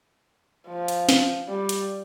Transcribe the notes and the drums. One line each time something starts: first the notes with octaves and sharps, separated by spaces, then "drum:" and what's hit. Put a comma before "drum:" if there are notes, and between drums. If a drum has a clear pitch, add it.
F3
drum: hi-hat
drum: snare
G3
drum: hi-hat